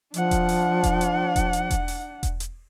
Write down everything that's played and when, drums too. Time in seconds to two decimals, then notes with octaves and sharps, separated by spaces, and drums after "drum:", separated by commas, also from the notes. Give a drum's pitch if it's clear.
0.14 F3 D4 F#5, drum: hi-hat
0.31 drum: kick E1, hi-hat
0.49 drum: open hi-hat
0.83 drum: kick E1, hi-hat
1.01 drum: hi-hat
1.36 drum: kick E1, hi-hat
1.53 drum: hi-hat
1.71 drum: kick E1, hi-hat
1.88 drum: open hi-hat
2.23 drum: kick E1, hi-hat
2.40 drum: hi-hat